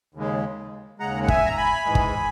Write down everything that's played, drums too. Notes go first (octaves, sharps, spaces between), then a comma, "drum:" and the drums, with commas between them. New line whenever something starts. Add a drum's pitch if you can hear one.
D#2 C#3 G#3
D#2 C#3 G#3 F#5 A#5
F#5
E5 G#5, drum: kick
A#5
G#5 B5
G#2 E3 G#3
drum: kick